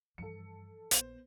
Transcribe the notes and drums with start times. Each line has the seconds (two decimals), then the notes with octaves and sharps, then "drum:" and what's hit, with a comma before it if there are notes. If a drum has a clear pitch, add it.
0.18 G2 E3 F3 A4 C#7
0.91 A#1 B3 C5, drum: hi-hat